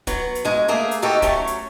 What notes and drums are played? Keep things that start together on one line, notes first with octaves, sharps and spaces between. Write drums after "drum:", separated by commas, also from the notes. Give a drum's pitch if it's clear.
F#3 B3, drum: kick, hi-hat
drum: hi-hat
D2 G#3
A3 A#3 G#4
drum: hi-hat
B2 A#3 D#4 F#4 G4 A4
F#3 A3 C#4, drum: kick, hi-hat
drum: hi-hat